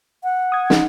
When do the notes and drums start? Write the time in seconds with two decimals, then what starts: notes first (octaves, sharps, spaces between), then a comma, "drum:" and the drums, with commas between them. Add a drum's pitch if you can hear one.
0.24 F#5
0.52 D#6 G#6
0.70 D#4, drum: snare